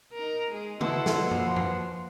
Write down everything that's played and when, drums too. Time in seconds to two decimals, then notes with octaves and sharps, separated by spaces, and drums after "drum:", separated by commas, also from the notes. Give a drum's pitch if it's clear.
0.13 D#4 A#4
0.51 G#3 G#4
0.81 B2 E4 A4 F#5 C6, drum: tom
1.06 drum: snare
1.19 F3 A#3
1.31 drum: tom F#2
1.56 drum: tom F#2